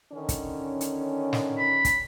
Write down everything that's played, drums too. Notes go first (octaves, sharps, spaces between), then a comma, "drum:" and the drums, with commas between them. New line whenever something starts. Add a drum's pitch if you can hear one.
D3 D#3 C#4
drum: kick, hi-hat
drum: hi-hat
drum: snare
B5
drum: kick, hi-hat